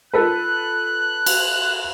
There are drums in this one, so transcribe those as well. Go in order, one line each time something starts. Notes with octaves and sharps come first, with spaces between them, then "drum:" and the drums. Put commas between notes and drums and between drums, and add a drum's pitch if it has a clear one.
F4 A4 B4 F#6
drum: cymbal